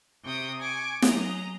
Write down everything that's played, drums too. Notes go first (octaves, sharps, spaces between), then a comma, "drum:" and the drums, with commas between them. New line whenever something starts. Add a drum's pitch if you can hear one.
C3 G5 C#6 D#6
G#5 C#6 D6
F#3 G#4 D#5 A#5, drum: snare